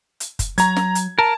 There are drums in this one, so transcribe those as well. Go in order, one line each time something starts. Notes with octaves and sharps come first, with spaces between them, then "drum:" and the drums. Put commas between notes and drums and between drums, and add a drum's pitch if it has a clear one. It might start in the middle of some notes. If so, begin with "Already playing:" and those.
drum: hi-hat
drum: kick, hi-hat
F#3 A#5 G#6, drum: hi-hat
drum: snare
drum: hi-hat
A#4 A5